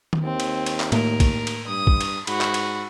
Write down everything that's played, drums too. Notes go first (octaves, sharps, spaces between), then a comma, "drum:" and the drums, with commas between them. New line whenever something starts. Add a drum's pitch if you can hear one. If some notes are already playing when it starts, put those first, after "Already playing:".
drum: tom D#3
D#2 C4
drum: cymbal
drum: cymbal
drum: clap
A2 A3 A#3 A#4, drum: cymbal
drum: kick B1, cymbal
drum: cymbal
G2 D#6
drum: kick B1
drum: cymbal
G#2 F#4 B5, drum: cymbal
drum: clap
drum: cymbal